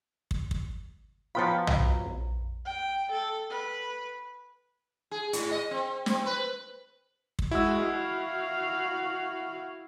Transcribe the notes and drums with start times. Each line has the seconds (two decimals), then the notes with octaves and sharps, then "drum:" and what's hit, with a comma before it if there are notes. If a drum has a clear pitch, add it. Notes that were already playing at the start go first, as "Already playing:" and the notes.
0.31 drum: kick
0.51 drum: kick
1.35 F3 F#3 B3 F4 G5 B5
1.67 drum: tom
2.65 G5
3.11 A4
3.50 B4
5.11 G#4
5.33 A2, drum: hi-hat
5.51 D#5
5.71 C4
6.06 C4, drum: snare
6.26 B4
7.39 drum: kick
7.51 G#3 E4 F#4 E6
7.84 F#4 F5